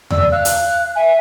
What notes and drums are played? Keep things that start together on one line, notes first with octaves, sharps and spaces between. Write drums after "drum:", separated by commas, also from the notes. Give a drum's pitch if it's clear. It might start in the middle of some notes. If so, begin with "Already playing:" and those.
D5 E6, drum: tom E2
F5 F#6
drum: hi-hat
E5 G#5